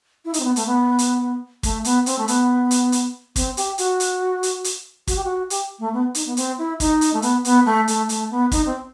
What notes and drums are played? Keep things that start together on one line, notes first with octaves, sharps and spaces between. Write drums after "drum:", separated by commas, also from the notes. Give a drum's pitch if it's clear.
E4
D#4, drum: hi-hat
C4
B3
A3, drum: hi-hat
B3
drum: hi-hat
A3, drum: kick, hi-hat
B3, drum: hi-hat
C4, drum: hi-hat
A3
B3, drum: hi-hat
drum: hi-hat
drum: hi-hat
C4, drum: kick, hi-hat
G4, drum: hi-hat
F#4, drum: hi-hat
drum: hi-hat
drum: hi-hat
drum: hi-hat
F#4, drum: kick, hi-hat
G4
F#4
G4, drum: hi-hat
A3
B3
D#4, drum: hi-hat
B3
C4, drum: hi-hat
E4
D#4, drum: kick, hi-hat
drum: hi-hat
A3
B3, drum: hi-hat
B3, drum: hi-hat
A3
A3, drum: hi-hat
A3, drum: hi-hat
B3
D#4, drum: kick, hi-hat
C4